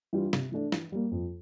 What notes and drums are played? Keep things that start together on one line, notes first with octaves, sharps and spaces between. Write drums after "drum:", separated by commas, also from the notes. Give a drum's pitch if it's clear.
E3 G3 D4 F4
C3, drum: snare
E3 A3 D4
E3, drum: snare
G3 A#3
F2